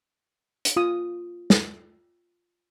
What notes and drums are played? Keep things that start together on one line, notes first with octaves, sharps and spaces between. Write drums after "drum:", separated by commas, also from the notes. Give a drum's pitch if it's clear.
drum: hi-hat
F4 D#6
drum: snare